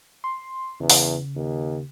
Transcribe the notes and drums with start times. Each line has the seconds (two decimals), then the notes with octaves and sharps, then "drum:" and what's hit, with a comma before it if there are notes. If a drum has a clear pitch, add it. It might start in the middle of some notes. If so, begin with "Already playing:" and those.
0.24 C6
0.80 E2 C#3
0.90 drum: open hi-hat
1.36 D#2